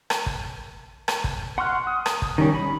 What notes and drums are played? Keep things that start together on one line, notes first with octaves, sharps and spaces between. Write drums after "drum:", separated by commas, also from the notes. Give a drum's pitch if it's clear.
drum: rim click
drum: kick
drum: rim click
drum: kick
F#5 C6 C#6 F6 F#6
D#6
drum: rim click
drum: kick
D#3 G3 C#4
B5